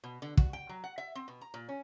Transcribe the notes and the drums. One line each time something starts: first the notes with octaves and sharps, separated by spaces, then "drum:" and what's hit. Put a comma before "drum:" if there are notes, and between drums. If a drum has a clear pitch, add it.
B2
D3
F#4, drum: kick
G5
F#3
F#5
E5
C4
B2
A#5
A#2
C#4